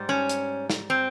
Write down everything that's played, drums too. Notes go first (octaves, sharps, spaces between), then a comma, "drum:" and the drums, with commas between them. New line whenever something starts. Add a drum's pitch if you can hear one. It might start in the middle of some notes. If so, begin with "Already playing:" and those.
Already playing: G#2 G3
C#4
drum: hi-hat
drum: snare
C4